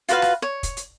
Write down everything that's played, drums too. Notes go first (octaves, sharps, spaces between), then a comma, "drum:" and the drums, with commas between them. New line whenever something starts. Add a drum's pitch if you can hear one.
F4 F#4 B4 F5, drum: hi-hat
drum: rim click
C#5
drum: kick, hi-hat
drum: hi-hat